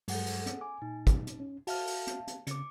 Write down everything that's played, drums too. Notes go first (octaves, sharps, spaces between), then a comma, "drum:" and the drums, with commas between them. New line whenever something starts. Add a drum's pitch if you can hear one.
G2 F#3 G#3 G#4 A4 F#5, drum: open hi-hat
drum: open hi-hat
drum: hi-hat
G#5 D6
A#2 D#4
drum: kick, hi-hat
drum: hi-hat
C#4
F#4 E5 F5 A5 F6, drum: open hi-hat
drum: open hi-hat
drum: hi-hat
drum: hi-hat
C#3 D6 C#7, drum: hi-hat